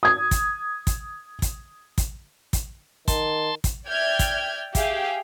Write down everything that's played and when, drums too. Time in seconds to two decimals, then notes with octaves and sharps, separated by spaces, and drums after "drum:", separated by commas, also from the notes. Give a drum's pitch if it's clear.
0.03 D#6 G#6
0.31 drum: kick, hi-hat
0.87 drum: kick, hi-hat
1.42 drum: kick, hi-hat
1.98 drum: kick, hi-hat
2.53 drum: kick, hi-hat
3.08 D#3 A5 C6, drum: kick, hi-hat
3.64 drum: kick, hi-hat
3.88 D5 E5 G5 F6 G6 G#6
4.19 drum: kick, hi-hat
4.75 G4 G#4 E5 F5 G5, drum: kick, hi-hat